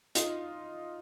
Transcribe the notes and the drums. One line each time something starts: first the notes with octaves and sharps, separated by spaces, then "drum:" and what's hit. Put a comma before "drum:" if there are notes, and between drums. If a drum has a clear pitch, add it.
D#4 F4, drum: hi-hat